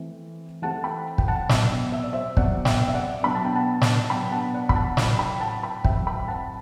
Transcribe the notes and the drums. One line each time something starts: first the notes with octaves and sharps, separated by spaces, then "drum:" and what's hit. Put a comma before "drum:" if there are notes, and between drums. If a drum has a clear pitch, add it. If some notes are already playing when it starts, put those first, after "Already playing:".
Already playing: E3 A3 C4
E3 A3 C4 F#5 A5
G5 B5
G5, drum: kick
F#5 A5
B2 F#3 C4 E5 G5, drum: snare
E5
D5
C5 E5
B2 F#3 C4 D5 F#5, drum: kick
E5 G5, drum: snare
E5
D5 F#5
B2 F#3 B3 D4 B5
A5
G5
F#5 A5
drum: snare
B2 F#3 B3 D4 G5 B5
F#5 A5
D5 F#5
B5, drum: kick
F#5 A5
A2 F#3 C4 G5 B5, drum: snare
G5 B5
F#5 A5
G5 B5
A2 F#3 C4 E5 G5, drum: kick
G5 B5
G5
F#5 A5